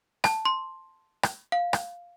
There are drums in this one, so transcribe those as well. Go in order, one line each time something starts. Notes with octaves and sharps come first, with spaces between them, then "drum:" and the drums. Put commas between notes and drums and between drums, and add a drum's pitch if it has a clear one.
A5, drum: rim click
C6
drum: rim click
F5
drum: rim click